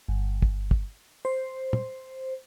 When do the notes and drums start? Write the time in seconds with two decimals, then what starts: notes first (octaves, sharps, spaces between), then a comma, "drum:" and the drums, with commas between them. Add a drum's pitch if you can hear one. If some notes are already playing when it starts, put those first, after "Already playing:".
0.09 G1
0.42 drum: kick
0.71 drum: kick
1.25 C5
1.73 drum: tom